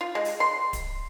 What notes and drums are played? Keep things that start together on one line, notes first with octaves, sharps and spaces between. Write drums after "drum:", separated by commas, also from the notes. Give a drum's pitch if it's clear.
F4
G#3
drum: open hi-hat
C6
drum: kick D1, hi-hat